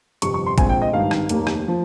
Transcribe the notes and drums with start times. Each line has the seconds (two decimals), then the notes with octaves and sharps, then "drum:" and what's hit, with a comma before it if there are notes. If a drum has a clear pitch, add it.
0.22 G1 F2 C3 C#6, drum: hi-hat
0.34 C#6
0.46 C6
0.58 A#1 A#2 G#3 C4 G#5, drum: kick A1, hi-hat
0.69 G5
0.82 D#5
0.93 G#1 G2 D#3 F5
1.11 drum: rim click
1.29 F1 D#2 D#3 A#3, drum: hi-hat
1.47 drum: rim click
1.68 F3